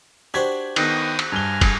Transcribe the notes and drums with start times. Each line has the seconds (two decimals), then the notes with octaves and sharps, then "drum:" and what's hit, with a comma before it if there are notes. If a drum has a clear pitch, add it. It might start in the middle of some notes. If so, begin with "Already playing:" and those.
0.34 D4 F#4 G4 C5 G#6 B6
0.76 D#3 B3 G5 D#6 F#6 A#6, drum: cymbal
1.19 drum: cymbal
1.32 G2 G#5 F6 G7
1.61 drum: kick, cymbal